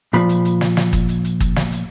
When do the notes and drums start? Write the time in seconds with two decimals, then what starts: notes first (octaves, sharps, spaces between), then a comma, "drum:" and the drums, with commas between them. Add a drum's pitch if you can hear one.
0.13 A#2 F3 B5, drum: hi-hat
0.29 drum: hi-hat
0.45 drum: hi-hat
0.61 drum: snare
0.77 drum: snare
0.93 drum: kick, hi-hat
1.09 drum: hi-hat
1.25 drum: hi-hat
1.40 drum: kick, hi-hat
1.56 drum: snare
1.72 drum: hi-hat